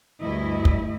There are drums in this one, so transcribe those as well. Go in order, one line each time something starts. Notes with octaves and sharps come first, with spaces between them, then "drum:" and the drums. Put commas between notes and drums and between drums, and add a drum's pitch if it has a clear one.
D2 G2 E4 D#5
drum: kick